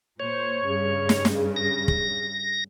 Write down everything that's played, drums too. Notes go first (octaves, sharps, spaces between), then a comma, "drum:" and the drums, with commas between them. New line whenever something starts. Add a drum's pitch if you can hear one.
A#2 C5 C#5
G2 C#3
drum: snare
drum: snare
A#6
drum: kick